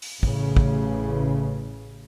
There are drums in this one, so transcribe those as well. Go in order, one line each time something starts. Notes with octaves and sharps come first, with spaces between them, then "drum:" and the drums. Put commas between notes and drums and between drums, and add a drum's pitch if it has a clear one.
drum: open hi-hat
A1 C#3, drum: kick
drum: kick